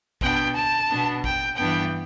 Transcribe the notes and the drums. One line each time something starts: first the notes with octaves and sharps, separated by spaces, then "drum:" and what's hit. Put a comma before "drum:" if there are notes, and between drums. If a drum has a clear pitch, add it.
B2 B3 D4 G5, drum: kick A1
A5
B2 B3 D4
G5, drum: kick A1
G2 E3 B3 D4 G5